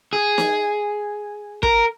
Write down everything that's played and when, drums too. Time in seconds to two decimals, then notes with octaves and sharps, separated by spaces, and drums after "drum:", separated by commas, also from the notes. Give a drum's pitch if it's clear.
0.13 G#4
0.38 drum: snare
1.63 A#4, drum: kick